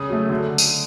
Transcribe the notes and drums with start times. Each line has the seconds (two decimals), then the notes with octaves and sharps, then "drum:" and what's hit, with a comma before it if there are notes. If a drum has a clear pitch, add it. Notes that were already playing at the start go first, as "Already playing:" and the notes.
Already playing: C#3 D#6
0.09 F#3 A3
0.30 D3
0.58 drum: tambourine